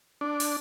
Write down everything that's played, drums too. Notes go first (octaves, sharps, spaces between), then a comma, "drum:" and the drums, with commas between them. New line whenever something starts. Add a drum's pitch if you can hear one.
D4
drum: open hi-hat